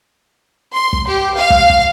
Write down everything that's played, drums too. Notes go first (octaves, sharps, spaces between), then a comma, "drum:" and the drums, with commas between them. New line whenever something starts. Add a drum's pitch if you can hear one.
C6
drum: kick
G4
F5
drum: kick
drum: kick